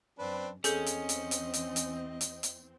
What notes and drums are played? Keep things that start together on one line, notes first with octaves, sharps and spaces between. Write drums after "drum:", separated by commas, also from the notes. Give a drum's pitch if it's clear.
F#2 C4 D4 B4
E2 C4 C#4 G#4 A4 D#5 G6, drum: hi-hat
drum: hi-hat
drum: hi-hat
drum: hi-hat
drum: hi-hat
drum: hi-hat
drum: hi-hat
drum: hi-hat